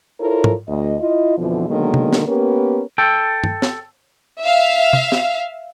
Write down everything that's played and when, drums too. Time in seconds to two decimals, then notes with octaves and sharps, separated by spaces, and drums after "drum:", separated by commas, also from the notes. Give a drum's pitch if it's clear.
0.20 E4 F4 A4 A#4 C5 C#5
0.44 drum: tom
0.68 D2 D#5
1.00 E4 F4 D#5
1.38 F2 B2 D3 E3 F3
1.68 B2 D3 D#3 F#3 G#3 A#3
1.94 drum: tom
2.13 drum: snare
2.27 A#3 B3 C#4 G4 A#4 B4
2.98 A4 G5
3.44 drum: tom
3.62 drum: snare
4.41 E5 F5
4.93 drum: tom
5.12 drum: snare